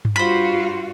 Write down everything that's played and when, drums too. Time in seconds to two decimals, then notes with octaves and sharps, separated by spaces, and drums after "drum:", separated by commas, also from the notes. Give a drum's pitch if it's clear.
0.05 drum: tom G2
0.16 G2 F4 F#4 C5 B5